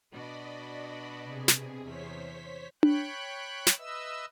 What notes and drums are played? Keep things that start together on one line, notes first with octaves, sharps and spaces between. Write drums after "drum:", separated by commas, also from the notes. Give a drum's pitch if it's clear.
B2 D4 F#4 D5 D#5 B5
C3 G#4
drum: snare
E2 C5 C#5 B6
C#5 G5 B5 F#6, drum: tom D4
drum: snare
B4 D#5 E5 E6